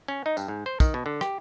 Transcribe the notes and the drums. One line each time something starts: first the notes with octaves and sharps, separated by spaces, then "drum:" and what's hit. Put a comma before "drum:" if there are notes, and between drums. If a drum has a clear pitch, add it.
C#4
D#4
G2, drum: tambourine
G#2
C5
D#3, drum: kick, tambourine
B2
D3
G4, drum: rim click